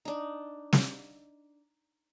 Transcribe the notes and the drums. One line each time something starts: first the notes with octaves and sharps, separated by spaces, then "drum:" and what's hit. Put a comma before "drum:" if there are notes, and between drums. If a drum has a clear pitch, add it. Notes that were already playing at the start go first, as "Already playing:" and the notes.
D4 D#4
drum: snare